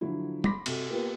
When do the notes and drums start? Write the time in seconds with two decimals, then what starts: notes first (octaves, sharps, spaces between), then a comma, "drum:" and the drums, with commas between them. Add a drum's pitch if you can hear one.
0.01 D3 F3 F#3 E4
0.44 B5 C6 D6 A#6 B6, drum: tom
0.66 C3 F#4 A4, drum: cymbal
0.90 A#3 B3 F4 G4 A#4